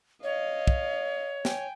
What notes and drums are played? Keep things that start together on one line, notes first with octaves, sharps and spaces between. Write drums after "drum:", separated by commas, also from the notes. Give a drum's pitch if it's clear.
C#5 D#5 F5
drum: kick
G5 G#5, drum: snare